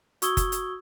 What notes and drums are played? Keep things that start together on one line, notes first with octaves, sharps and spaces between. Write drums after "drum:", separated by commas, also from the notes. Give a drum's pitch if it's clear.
F#4 C#6 D#6 E6 G#6 G7, drum: hi-hat
drum: kick F#1, hi-hat
drum: hi-hat